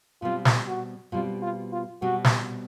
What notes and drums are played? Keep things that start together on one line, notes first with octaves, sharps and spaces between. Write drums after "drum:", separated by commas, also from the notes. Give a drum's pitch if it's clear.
B2 G3 C4 F4
drum: snare
F#4
B2 G3 C4 F4
F4
F4
B2 G3 C4 F#4
drum: snare